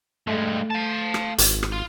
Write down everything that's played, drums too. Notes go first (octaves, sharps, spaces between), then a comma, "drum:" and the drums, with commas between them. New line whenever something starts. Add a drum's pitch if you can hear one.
G2 G#3 A3
F5 A5
drum: rim click
G#1, drum: hi-hat
drum: rim click
F4